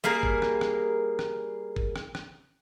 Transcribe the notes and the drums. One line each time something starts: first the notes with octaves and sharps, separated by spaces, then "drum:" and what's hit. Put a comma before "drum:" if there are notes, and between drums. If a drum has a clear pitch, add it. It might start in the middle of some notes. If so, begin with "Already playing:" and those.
G3 A#3 G#4 A#4
drum: kick G1
drum: rim click
drum: rim click
drum: rim click
drum: kick G1
drum: rim click
drum: rim click